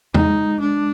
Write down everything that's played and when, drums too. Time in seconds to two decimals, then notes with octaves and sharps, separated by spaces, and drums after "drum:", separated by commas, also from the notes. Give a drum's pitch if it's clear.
0.14 G#3 D#4, drum: tom E2
0.60 D4